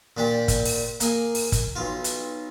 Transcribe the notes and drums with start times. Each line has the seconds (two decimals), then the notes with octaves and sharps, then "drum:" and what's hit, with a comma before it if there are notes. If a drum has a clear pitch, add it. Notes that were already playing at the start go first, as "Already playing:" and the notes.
0.17 A#2 D4 G4
0.48 drum: kick, hi-hat
0.65 drum: open hi-hat
1.00 A#3 G#4, drum: hi-hat
1.35 drum: open hi-hat
1.52 drum: kick, hi-hat
1.76 B1 F4
2.04 drum: hi-hat